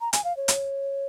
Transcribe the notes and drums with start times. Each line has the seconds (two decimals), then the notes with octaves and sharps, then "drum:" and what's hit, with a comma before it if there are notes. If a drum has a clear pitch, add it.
0.01 A#5
0.13 G#5, drum: hi-hat
0.24 F5
0.37 C#5
0.48 drum: hi-hat